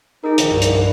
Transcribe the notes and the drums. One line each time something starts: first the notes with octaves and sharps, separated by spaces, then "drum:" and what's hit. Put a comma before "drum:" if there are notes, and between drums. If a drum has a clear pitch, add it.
D#4 G#4 A#4
A#1 D#3, drum: hi-hat
C2 G2
drum: hi-hat
E4 B4 D5